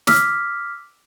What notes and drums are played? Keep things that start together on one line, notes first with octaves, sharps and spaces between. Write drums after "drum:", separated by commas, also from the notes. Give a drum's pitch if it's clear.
D6 E6 F6 B6, drum: snare